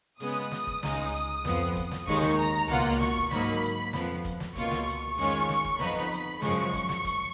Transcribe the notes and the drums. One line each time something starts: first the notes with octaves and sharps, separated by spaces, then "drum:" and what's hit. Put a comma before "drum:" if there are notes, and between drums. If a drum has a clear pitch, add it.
C#3 G#3 B3 D#6, drum: hi-hat
drum: snare
drum: kick
C#2 C#3 G#3 D#4, drum: snare
drum: hi-hat
F2 F3 B3, drum: snare
drum: kick, hi-hat
drum: snare
D#2 D#3 G#3 D#4 C#6, drum: kick
drum: snare
A#5, drum: hi-hat
C#2 B2 A#3 F4 F#5, drum: hi-hat
C#6, drum: snare
drum: kick
G#2 F#3 A#3 D#4 B5, drum: snare
drum: hi-hat
F2 F3 B3, drum: snare
drum: kick, hi-hat
drum: snare
C#2 B2 A#3 F4 C#6, drum: kick, hi-hat
drum: snare
drum: hi-hat
F2 D#3 G#3 C#4 F4 C#6, drum: hi-hat
drum: snare
drum: kick
F2 F3 B3 D#4 B5, drum: snare
drum: hi-hat
F#2 C#3 F3 G#3 C#6, drum: snare
drum: kick, hi-hat
drum: snare
drum: kick, hi-hat